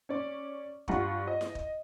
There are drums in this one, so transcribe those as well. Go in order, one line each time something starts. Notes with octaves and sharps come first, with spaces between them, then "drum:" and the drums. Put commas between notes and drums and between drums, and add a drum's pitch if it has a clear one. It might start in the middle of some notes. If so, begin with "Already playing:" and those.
C#4 D5
G2 F4 F#5 C#6, drum: kick
D#5
drum: snare E4
drum: kick